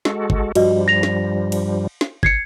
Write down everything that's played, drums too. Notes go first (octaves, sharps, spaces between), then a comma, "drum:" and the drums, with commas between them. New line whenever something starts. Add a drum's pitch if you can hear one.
G#3 F#4 A4, drum: snare
drum: kick
G2 F3 G3 F#4 D#5, drum: cymbal
A#6 F7
drum: snare
drum: cymbal
drum: snare
G#6 C7 C#7, drum: kick